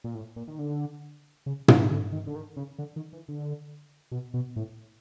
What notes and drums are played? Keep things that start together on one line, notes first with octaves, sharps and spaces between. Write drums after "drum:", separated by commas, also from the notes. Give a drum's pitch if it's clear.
A#2
A2
A#2
D#3
D3
C#3
C3, drum: tom
D3
D#3
D3
D#3
C#3
D3
D#3
E3
D3
B2
B2
A2